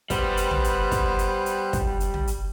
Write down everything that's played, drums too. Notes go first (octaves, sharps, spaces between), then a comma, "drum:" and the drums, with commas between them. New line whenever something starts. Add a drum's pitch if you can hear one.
G3 B3 B4 C5, drum: kick, hi-hat
drum: hi-hat
drum: tom
drum: hi-hat
drum: kick, hi-hat
drum: hi-hat
drum: hi-hat
drum: kick, hi-hat
drum: hi-hat
drum: tom
drum: hi-hat